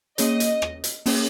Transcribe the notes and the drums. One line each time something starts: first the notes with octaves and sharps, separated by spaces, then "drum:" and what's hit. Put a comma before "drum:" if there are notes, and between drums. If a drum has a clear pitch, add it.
A#3 C#4 G#4 C#5 D#5, drum: hi-hat
drum: hi-hat
drum: rim click
drum: hi-hat
A#3 C#4 G#4 C#5, drum: open hi-hat